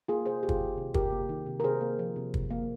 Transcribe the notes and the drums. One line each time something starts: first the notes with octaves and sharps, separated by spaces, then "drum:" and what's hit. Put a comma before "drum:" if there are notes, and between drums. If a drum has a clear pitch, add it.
A#3 F4 G#4
C3 G#4 C5
A#3 G4
F4 G#4, drum: kick
D#3
C3
C3 G4 A#4, drum: kick
A#3
D#3
C3
A#4
C3 G#4 C5
A#3
F3
C3
C3, drum: kick
A#3